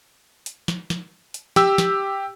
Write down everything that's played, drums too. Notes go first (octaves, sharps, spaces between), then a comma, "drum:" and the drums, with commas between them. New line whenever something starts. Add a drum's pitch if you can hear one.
drum: hi-hat
drum: snare
drum: snare
drum: hi-hat
G4 E6, drum: snare
drum: snare